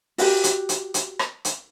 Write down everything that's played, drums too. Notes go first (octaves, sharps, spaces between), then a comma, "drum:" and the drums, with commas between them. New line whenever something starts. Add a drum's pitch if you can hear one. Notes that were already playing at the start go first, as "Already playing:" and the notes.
F#4 G4, drum: open hi-hat
drum: hi-hat
drum: hi-hat
drum: hi-hat
drum: rim click
drum: hi-hat